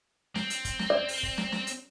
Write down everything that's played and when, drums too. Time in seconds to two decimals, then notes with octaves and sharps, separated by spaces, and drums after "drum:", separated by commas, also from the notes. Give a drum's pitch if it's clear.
0.35 C4, drum: snare
0.50 drum: hi-hat
0.65 drum: kick, hi-hat
0.79 drum: snare
0.90 D5
1.08 drum: open hi-hat
1.23 drum: kick
1.38 drum: snare
1.52 drum: snare
1.67 drum: hi-hat